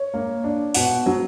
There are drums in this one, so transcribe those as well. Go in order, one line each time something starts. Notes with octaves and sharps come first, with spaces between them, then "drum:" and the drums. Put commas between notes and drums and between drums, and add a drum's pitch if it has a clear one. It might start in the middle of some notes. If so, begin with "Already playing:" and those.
Already playing: C#5
A#3
D4
B2 F#5, drum: open hi-hat
F#3